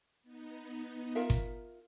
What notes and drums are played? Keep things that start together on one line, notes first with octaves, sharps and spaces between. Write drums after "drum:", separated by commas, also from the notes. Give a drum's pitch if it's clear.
B3 D#4
F4 A#4 E5
drum: kick G1